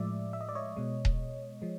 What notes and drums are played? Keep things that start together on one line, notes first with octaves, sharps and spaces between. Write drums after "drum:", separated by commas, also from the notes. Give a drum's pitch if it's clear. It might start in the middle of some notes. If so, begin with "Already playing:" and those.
Already playing: A2 F3 G#3 D5 E5
E5
D#5
D5
C#5 D#5
B2 G#3
drum: kick D#1
F3 G#3